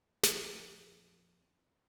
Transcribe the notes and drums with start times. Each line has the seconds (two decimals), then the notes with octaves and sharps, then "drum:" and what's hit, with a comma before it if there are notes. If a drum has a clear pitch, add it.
0.23 F2 A#2, drum: snare